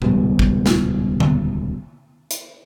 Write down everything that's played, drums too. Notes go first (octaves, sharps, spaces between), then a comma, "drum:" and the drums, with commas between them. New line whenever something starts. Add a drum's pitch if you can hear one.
D#1 C#2 B2 G3, drum: tom A2
drum: kick
drum: snare
drum: tom D3
drum: hi-hat